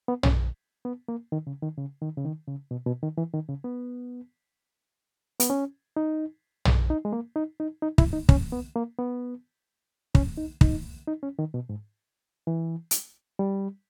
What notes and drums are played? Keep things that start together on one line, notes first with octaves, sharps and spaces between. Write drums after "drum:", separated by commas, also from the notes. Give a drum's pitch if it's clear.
B3
C#4, drum: tom
B3
A#3
D#3
C#3
D#3
C#3
D#3
C#3
D#3
C#3
B2
B2
D#3
E3
D#3
C#3
B3
B3, drum: hi-hat
C#4
D#4
drum: tom
D#4
G#3
A#3
D#4
D#4
D#4
E4, drum: kick
D#4
C#4, drum: kick
B3
A#3
B3
C#4, drum: kick
D#4
D#4, drum: kick
D#4
C#4
D#3
B2
G#2
E3
drum: hi-hat
G3